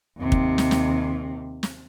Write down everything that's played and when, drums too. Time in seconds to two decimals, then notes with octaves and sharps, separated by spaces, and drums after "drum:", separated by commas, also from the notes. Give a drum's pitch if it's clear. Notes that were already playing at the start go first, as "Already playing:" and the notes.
0.19 D#2 C3
0.32 drum: kick
0.58 drum: snare
0.71 drum: snare
1.63 drum: snare